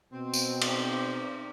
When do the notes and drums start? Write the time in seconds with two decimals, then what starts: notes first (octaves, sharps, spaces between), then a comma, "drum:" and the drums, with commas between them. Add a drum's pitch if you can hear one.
0.13 B2 C4
0.34 drum: tambourine
0.61 drum: cymbal